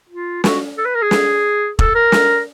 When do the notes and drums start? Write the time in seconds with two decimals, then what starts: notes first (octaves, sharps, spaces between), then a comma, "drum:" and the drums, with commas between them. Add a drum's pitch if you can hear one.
0.09 F4
0.44 F#4, drum: snare
0.78 A4
0.85 B4
0.95 A#4
1.02 G#4
1.11 drum: snare
1.79 A4, drum: kick
1.95 A#4
2.12 drum: snare